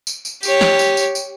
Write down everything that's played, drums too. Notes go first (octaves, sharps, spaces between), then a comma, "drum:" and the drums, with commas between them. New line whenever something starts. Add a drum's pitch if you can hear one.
drum: tambourine
drum: tambourine
G4 C#5, drum: tambourine
drum: snare
drum: tambourine
drum: tambourine
drum: tambourine